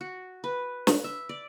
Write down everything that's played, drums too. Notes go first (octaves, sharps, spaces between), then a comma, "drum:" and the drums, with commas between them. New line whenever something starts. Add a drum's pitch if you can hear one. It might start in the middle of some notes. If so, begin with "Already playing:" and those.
F#4
B4
drum: snare
E5
D5